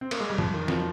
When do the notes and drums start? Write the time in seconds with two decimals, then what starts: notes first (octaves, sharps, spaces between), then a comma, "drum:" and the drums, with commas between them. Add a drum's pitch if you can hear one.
0.01 C4
0.11 A#3, drum: cymbal
0.20 G#3
0.30 G3
0.38 F2 F3, drum: tom
0.54 D#3
0.68 F3, drum: snare